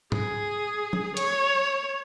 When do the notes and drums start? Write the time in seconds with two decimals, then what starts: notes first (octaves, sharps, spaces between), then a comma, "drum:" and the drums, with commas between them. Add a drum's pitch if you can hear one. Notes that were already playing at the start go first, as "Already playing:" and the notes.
0.12 G#4, drum: tom
0.93 drum: tom
1.17 C#5, drum: hi-hat